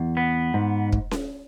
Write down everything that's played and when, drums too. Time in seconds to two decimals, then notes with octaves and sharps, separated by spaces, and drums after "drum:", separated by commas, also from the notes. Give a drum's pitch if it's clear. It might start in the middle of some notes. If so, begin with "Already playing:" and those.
Already playing: E2
0.17 B3
0.54 G#2
0.92 drum: kick
1.11 drum: snare C#4